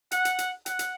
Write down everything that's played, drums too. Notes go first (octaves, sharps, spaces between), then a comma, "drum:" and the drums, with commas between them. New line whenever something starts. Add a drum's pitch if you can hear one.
F#5, drum: hi-hat
drum: hi-hat
drum: hi-hat
F#5, drum: hi-hat
drum: hi-hat